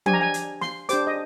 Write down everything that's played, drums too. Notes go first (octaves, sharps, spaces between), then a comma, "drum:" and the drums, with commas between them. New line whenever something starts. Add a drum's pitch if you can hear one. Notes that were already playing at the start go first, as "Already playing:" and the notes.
D4 G4 C5 G#5, drum: tom F3
A#5
G#5
drum: hi-hat
C6, drum: snare
D4 G4 C5 D6, drum: hi-hat
D#5